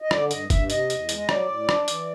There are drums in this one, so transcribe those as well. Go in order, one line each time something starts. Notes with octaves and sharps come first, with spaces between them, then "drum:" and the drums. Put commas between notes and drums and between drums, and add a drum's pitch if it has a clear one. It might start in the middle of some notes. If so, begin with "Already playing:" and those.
D#5
D3 D5, drum: rim click
G2 D#5, drum: hi-hat
G2 E5, drum: kick, hi-hat
C3 D#5, drum: hi-hat
E2, drum: hi-hat
G#3, drum: hi-hat
D#5
F#3 D5, drum: rim click
A2
D4, drum: rim click
E3, drum: hi-hat